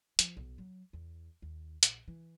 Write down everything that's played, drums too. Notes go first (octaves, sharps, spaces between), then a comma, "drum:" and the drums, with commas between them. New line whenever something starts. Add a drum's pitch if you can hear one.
F3, drum: hi-hat
B1
F#3
E2
D#2
A#1, drum: hi-hat
E3